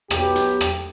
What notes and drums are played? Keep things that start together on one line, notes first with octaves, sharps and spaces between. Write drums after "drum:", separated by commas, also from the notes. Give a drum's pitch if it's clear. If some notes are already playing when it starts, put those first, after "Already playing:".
B1 B2 B3 G4, drum: rim click
drum: hi-hat
drum: rim click